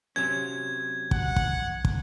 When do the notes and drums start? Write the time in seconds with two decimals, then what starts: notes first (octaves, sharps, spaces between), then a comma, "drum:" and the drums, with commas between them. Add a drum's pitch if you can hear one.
0.16 C3 F#3 C#4 G#6
1.11 F#5, drum: kick
1.36 drum: kick
1.85 drum: kick